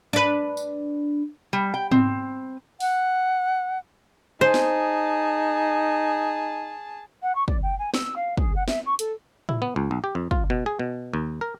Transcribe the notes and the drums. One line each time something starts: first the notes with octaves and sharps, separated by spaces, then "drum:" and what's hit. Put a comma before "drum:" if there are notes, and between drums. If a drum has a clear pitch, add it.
D4 B4
drum: tambourine
G3
G5
C4, drum: tom G#2
F#5, drum: open hi-hat
D#4 G#4 C5 A5
drum: snare
F#5
C#6
D5, drum: kick
G5
G#5
E6, drum: snare
F5
G#4, drum: kick
F#5
E5, drum: snare
C#6
A4, drum: hi-hat
E4, drum: tom A2
B3
C#2
B1
G4
F2
F4, drum: kick
B2
G#4
B2
D#2
A#4